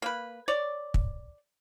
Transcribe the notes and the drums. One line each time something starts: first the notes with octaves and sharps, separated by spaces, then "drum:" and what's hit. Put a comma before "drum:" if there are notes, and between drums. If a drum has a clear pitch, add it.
A#3 B4
C#5 D5
drum: kick